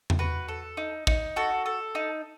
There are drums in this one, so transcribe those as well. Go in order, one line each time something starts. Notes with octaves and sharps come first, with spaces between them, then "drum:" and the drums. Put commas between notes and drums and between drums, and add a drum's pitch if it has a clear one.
drum: tom E2
F#4 B4
A4
D#4
D#4, drum: kick
F#4 A4
A4
D#4